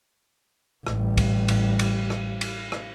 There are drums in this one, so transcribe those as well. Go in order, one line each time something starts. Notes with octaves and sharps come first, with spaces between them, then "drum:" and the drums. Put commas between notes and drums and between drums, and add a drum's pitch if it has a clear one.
A1 G3, drum: rim click
drum: kick, cymbal
drum: cymbal
drum: cymbal
drum: rim click
drum: cymbal
drum: rim click